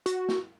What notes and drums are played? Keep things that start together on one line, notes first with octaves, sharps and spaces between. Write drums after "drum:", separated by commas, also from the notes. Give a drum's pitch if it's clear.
F#4, drum: hi-hat
drum: snare